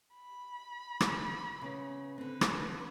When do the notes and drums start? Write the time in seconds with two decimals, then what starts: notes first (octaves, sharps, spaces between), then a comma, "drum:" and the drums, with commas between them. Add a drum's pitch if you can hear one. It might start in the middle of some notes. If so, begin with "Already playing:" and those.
0.15 B5
1.00 drum: rim click
1.62 C#3 B3
2.18 D3 C4 B4
2.41 drum: rim click